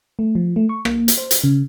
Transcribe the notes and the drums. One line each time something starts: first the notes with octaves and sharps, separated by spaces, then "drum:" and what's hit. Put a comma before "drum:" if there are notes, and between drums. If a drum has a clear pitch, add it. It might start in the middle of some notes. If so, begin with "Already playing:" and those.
A3
F3
A3
C#6
A#3, drum: rim click
drum: hi-hat
C5
drum: hi-hat
C#3